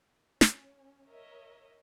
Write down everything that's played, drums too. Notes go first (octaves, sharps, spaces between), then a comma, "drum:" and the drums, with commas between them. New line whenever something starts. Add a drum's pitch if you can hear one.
C#4, drum: snare
A#4 C#5 D#5 E5